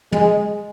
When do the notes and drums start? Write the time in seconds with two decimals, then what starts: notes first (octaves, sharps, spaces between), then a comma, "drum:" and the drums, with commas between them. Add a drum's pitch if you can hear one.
0.12 G#3, drum: tom